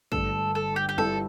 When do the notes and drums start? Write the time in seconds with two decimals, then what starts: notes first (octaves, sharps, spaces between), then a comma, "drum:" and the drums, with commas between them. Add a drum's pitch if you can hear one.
0.12 G1 G2 D3 A3 A4, drum: kick
0.55 A4
0.76 G4
0.89 G4
0.97 G1 G2 G3 E4 A4